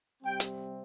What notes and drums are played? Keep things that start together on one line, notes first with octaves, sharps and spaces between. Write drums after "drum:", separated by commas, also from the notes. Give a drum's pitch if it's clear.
C3 G3 C4 G5
drum: hi-hat